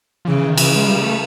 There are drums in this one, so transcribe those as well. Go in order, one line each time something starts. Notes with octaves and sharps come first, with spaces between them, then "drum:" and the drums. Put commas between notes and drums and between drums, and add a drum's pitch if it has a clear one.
F3
C#3 E3
E3
D#3
C#3 E3, drum: cymbal
G#3
G3
A3